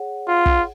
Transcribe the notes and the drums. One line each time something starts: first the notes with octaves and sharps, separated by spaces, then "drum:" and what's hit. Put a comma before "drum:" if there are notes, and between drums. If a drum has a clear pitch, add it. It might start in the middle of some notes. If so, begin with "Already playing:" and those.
Already playing: G#4 C#5 F#5
F4
drum: kick